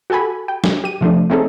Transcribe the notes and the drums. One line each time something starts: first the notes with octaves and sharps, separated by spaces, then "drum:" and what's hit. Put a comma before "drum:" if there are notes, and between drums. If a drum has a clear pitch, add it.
F#4 G4 A4 G#5 B5
G5
drum: snare
G4 D#7
C3 F3 A3 D4
A3 C4 C#4 D#4 G#4 A4